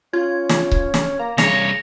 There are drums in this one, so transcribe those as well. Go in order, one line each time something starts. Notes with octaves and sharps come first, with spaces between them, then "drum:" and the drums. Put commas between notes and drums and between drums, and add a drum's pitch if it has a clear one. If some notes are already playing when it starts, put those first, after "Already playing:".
C#4 F4 G#6
drum: snare
drum: kick C#1
drum: snare
A#3 A#5
C2 C#3 C#5 A#6 F7, drum: snare